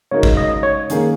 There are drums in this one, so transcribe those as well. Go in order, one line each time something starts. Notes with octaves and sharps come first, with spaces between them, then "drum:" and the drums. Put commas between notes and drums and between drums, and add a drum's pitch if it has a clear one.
C#3 G#3 D#4 F#4 A#4 C#5
drum: kick A1
D#5
C#5
D#3 A#3 C#4 G#4, drum: hi-hat